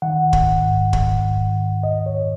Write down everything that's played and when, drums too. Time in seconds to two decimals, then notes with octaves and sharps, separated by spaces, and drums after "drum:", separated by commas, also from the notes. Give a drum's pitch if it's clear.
0.02 D#3 F#5
0.33 G#2, drum: kick
0.63 G#2
0.93 G#2, drum: kick
1.23 G#2
1.53 D#3
1.83 G#2 D#5
2.06 C#5